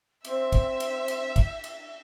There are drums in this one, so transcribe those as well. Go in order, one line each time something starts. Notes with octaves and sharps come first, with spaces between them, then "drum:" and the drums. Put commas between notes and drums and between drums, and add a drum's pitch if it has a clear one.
C4 E5, drum: cymbal
drum: kick, cymbal
drum: cymbal
drum: cymbal
drum: kick, cymbal
drum: cymbal